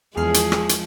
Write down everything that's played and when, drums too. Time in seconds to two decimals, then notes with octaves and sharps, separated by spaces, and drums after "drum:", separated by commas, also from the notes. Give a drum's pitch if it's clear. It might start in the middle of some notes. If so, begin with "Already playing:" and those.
0.17 E2 F3 G#3 G#4 F6 C7
0.34 drum: hi-hat
0.52 drum: rim click
0.69 drum: hi-hat